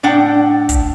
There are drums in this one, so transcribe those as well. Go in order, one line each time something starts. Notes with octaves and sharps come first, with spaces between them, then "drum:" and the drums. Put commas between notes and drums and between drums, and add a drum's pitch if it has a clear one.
A2 D4 F#5 G5
drum: kick, hi-hat